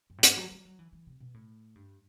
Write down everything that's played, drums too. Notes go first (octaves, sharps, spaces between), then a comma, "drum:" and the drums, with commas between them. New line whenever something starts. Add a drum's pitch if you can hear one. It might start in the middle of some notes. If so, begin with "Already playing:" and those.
F#2
A2
G2, drum: hi-hat
F#3
G3
F#3
E3
E3
C3
B2
A2
G2